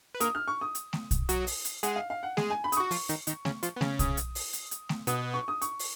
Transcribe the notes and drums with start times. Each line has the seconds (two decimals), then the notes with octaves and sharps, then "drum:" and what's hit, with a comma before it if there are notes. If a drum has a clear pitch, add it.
0.15 B4
0.20 A#3 A#4 D#6, drum: hi-hat
0.35 F6
0.48 C#6
0.61 D#6
0.75 drum: hi-hat
0.93 drum: snare A3
1.11 drum: kick, hi-hat
1.29 F#3 F#4, drum: hi-hat
1.47 drum: open hi-hat
1.65 drum: hi-hat
1.83 G#3 G#4 F#5, drum: hi-hat
1.96 F5
2.10 F5
2.23 F#5
2.37 G#3 G#4, drum: snare A3
2.50 G#5
2.64 B5
2.72 D#6, drum: hi-hat
2.77 F#4 C#6
2.91 F3 F4, drum: open hi-hat
3.09 D#3 D#4, drum: hi-hat
3.27 D#3 D#4, drum: hi-hat
3.45 C#3 C#4, drum: snare A3
3.63 F3 F4, drum: hi-hat
3.76 B3
3.81 C#3 C#4, drum: snare A3
3.99 D#6, drum: kick, hi-hat
4.17 drum: hi-hat
4.35 drum: open hi-hat
4.53 drum: hi-hat
4.71 drum: hi-hat
4.89 drum: snare A3
5.07 B2 B3 D#6, drum: hi-hat
5.34 C#6
5.48 D#6
5.62 C#6, drum: hi-hat
5.79 drum: open hi-hat